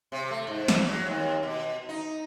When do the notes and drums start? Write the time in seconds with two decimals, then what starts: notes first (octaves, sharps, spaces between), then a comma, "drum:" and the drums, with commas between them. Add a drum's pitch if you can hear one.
0.12 C3
0.31 A3
0.47 G#2
0.68 drum: snare
0.89 F#3
1.06 D#2
1.43 B2
1.89 D#4